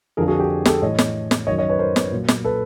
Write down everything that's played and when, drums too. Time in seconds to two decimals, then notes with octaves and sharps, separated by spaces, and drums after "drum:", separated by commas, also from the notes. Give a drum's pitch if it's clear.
0.17 F2 D3 F3 G#4 A#4
0.28 F#4 G#4
0.39 G4
0.65 G4 A4, drum: snare
0.82 A2 E3 C#5 D#5
0.99 drum: snare
1.31 drum: snare
1.47 F#2 D#3 F#3 C#5 D#5
1.58 C#5 D#5
1.69 B4 C#5
1.79 A#4 C5
1.96 drum: snare
2.12 A#2 F#3
2.28 drum: snare
2.44 A4 B4